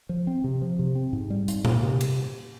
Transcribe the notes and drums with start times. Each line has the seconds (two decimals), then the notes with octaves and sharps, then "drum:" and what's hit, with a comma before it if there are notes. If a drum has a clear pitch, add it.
0.09 F3
0.27 C4
0.44 C3
0.62 F3
0.79 C3
0.95 C4
1.13 G#2
1.30 G3
1.48 G#2, drum: hi-hat
1.65 A#3, drum: tom A#2
1.83 C3
2.01 drum: cymbal